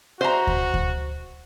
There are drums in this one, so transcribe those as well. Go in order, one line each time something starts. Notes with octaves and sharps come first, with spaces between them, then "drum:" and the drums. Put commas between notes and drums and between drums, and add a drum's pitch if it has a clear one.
F#4 C5 E5 A#5
drum: kick D2
drum: kick D2